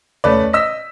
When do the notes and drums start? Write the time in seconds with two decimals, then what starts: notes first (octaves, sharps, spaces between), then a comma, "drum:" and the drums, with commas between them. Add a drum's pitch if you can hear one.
0.24 A3 C#4 B4 D5, drum: tom D#2
0.53 D#5 E6 B6